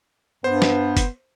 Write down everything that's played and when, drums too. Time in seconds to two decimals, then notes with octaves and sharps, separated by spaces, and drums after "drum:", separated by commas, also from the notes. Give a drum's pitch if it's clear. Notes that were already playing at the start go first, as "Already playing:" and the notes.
0.44 G2 B3 C5
0.62 drum: snare
0.97 drum: kick, hi-hat